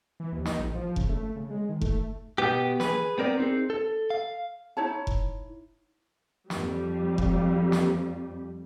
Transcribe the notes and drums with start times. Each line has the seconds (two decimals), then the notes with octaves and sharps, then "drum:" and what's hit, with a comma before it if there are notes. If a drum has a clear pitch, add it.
0.20 E3
0.33 D#2
0.45 D#4, drum: snare
0.59 A1
0.75 F3
0.96 C#3, drum: kick F1
1.09 A3
1.23 A3
1.36 C#3
1.51 G#3
1.69 D#3
1.81 A3, drum: kick F1
2.38 B2 B3 G4
2.80 G#4 B4, drum: snare
3.18 B3 C4 A#4 D5
3.38 C4 D#4 G#4
3.70 A4
4.10 F5
4.77 D#4 E4 C#5 A5
5.07 drum: kick F1
6.50 F2 G3, drum: snare
7.18 drum: kick F1
7.72 drum: snare